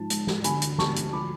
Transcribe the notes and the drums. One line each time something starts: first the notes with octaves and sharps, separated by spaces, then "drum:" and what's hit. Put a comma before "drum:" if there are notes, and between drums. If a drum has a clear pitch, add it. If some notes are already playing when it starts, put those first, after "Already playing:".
Already playing: G#2 F3 A5
G#3, drum: hi-hat
G#2, drum: snare
D3 G#5 B5, drum: hi-hat
D2, drum: hi-hat
G#3 A5 C#6, drum: snare
D2, drum: hi-hat
F3 B5 D6